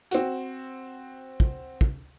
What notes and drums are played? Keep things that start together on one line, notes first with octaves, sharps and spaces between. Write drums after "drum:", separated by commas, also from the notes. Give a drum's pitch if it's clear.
C4 F#4, drum: hi-hat
drum: kick
drum: kick